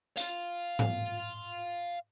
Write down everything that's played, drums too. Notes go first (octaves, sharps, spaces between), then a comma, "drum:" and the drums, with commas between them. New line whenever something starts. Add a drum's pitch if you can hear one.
F5 C6, drum: hi-hat
drum: tom G#2